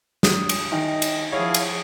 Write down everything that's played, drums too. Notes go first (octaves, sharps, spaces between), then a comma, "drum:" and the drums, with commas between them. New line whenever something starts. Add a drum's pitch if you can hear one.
D#6, drum: snare
drum: cymbal
D#3 D#5 E5 G5 G#5
drum: cymbal
F3 E4 G#4 C#5 F5 F#5
drum: cymbal